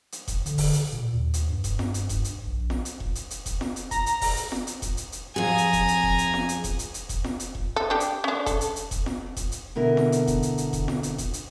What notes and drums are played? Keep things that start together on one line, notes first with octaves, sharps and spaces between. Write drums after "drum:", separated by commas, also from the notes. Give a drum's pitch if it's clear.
drum: hi-hat
drum: kick E1, hi-hat
D3, drum: hi-hat
drum: kick E1, open hi-hat
drum: hi-hat
A#2
D#2
drum: hi-hat
G2
drum: kick E1, hi-hat
drum: snare
drum: hi-hat
drum: kick E1, hi-hat
drum: hi-hat
A#1
drum: snare
drum: hi-hat
drum: kick E1
drum: hi-hat
drum: hi-hat
drum: kick E1, hi-hat
drum: snare
drum: hi-hat
A#5, drum: kick E1, hi-hat
drum: hi-hat
drum: kick E1, open hi-hat
drum: hi-hat
drum: snare
drum: hi-hat
drum: kick E1, hi-hat
drum: hi-hat
drum: hi-hat
F2 G#4 G#5 A#5
drum: hi-hat
drum: kick E1, hi-hat
drum: hi-hat
drum: kick E1
drum: hi-hat
drum: snare
drum: hi-hat
drum: kick E1, hi-hat
drum: hi-hat
drum: hi-hat
drum: kick E1, hi-hat
drum: snare
drum: hi-hat
drum: kick E1
A4
D4 G4
drum: hi-hat
C#4 D4
A4, drum: kick E1, hi-hat
drum: hi-hat
drum: hi-hat
drum: kick E1, hi-hat
drum: snare
drum: kick E1, hi-hat
drum: hi-hat
B2 D3 E4 A#4
drum: snare
drum: hi-hat
drum: kick E1, hi-hat
drum: hi-hat
drum: hi-hat
drum: kick E1, hi-hat
drum: snare
drum: hi-hat
drum: kick E1, hi-hat
drum: hi-hat